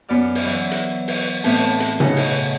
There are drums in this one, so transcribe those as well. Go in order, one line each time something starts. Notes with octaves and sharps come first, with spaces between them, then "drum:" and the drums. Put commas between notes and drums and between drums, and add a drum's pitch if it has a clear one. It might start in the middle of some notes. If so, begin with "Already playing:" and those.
F#2 B3 F#4 D5 F6
drum: open hi-hat
E3 F#3
drum: hi-hat
drum: open hi-hat
A2 B3 C4 A5, drum: open hi-hat
drum: hi-hat
C#3 C#4 D#4 F#4, drum: tom B2
drum: open hi-hat